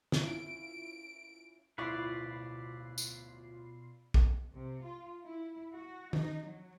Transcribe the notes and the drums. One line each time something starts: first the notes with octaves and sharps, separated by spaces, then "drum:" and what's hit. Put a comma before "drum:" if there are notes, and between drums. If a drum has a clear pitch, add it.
drum: snare
C#4 E4 F4 D7
D1 B2 E4 F4 B4 D5 C#6 C7
drum: tambourine
drum: kick
C3
F4
E4
F#4
D#4, drum: tom D#3
F#3